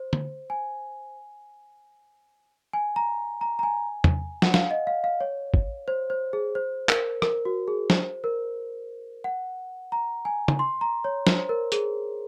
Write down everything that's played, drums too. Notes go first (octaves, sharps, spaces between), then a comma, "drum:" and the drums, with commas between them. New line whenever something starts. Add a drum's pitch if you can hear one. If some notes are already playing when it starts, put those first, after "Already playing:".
Already playing: C5
drum: tom
G#5
G#5
A#5
A#5
A#5
G#5
drum: tom E2
F#5, drum: snare
F5, drum: snare
D#5
F5
F5
C#5
drum: kick
C5
C5
G#4
C5
A#4, drum: clap
A#4, drum: rim click
F#4
G#4
C5, drum: snare
A#4
F#5
A#5
G#5
drum: tom
C6
A#5
C#5
C5, drum: snare
A#4
G#4, drum: hi-hat